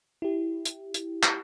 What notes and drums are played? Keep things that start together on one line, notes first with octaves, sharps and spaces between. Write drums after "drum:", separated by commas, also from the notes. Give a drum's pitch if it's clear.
E4 G4
drum: hi-hat
drum: hi-hat
drum: clap